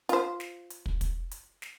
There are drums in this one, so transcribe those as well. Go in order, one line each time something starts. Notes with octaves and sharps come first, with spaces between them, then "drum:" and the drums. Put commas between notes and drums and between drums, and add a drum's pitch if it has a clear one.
F4 C5, drum: hi-hat
drum: snare
drum: hi-hat
drum: kick
drum: kick, hi-hat
drum: hi-hat
drum: snare